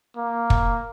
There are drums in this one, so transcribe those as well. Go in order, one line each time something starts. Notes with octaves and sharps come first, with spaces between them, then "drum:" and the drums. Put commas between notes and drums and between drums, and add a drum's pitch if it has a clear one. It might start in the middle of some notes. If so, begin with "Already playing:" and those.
A#3
drum: kick